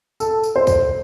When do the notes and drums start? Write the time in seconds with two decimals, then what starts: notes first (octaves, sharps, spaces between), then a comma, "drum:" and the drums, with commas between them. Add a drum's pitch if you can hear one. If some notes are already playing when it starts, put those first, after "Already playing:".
0.20 A4, drum: tambourine
0.43 drum: tambourine
0.56 C5
0.67 drum: kick C2, tambourine